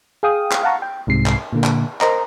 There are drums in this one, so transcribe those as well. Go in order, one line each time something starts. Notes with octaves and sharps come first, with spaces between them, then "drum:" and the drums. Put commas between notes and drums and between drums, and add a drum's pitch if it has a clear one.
G#4 F5 G5 D#6
drum: clap
F5 F#5 A5 A#5 C#6
G5
C2 G#2 C3 C7
drum: clap
A#2 D3 A#3
drum: clap
A#4 C5 D#5 A#5, drum: clap